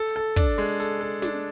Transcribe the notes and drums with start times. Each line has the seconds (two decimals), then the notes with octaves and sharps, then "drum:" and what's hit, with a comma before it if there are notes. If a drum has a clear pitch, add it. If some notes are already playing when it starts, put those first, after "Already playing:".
Already playing: A4
0.16 A4
0.36 D4, drum: kick, open hi-hat
0.58 G#3
0.80 A4, drum: hi-hat
1.01 A4
1.22 D4, drum: snare